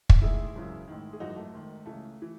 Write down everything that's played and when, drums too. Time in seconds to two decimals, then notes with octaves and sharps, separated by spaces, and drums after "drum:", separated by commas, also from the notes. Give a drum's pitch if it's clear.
0.10 drum: kick
0.21 A1 G#2 D#3 E4 G#4
0.55 G#1 F#2 C#3 E3
0.88 A1 G#2 D#3
1.13 G#4
1.20 G#1 F#2 E3 D#4 F#4
1.36 A3
1.53 G#1 G#2 D#3
1.86 C#2 C#3 E3 A3
2.22 E3